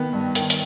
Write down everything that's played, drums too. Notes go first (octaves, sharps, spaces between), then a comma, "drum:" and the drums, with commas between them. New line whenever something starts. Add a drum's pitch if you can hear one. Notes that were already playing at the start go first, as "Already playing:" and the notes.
Already playing: D#3 B3
G2
D#3, drum: hi-hat
drum: hi-hat